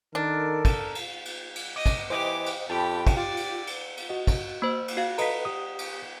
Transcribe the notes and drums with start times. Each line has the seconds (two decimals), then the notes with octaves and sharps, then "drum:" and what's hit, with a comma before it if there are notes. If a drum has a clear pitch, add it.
0.15 D#3 D4 A4 A#4
0.65 drum: kick, cymbal
0.95 drum: cymbal
1.25 drum: cymbal
1.55 drum: cymbal
1.76 D#5 D6
1.86 drum: kick, cymbal
2.10 E3 G4 C5 D#5 D6
2.46 drum: cymbal
2.70 F2 G4 G5 A5 B5
3.07 drum: kick, cymbal
3.17 F4 G4 D5
3.37 drum: cymbal
3.67 drum: cymbal
3.97 drum: cymbal
4.09 F#4 D#5
4.27 drum: kick, cymbal
4.62 A#3 C5
4.88 drum: cymbal
4.97 F#4 F5
5.18 A4 B4 D#5 A#5 B6, drum: cymbal
5.45 G4 D#6
5.79 drum: cymbal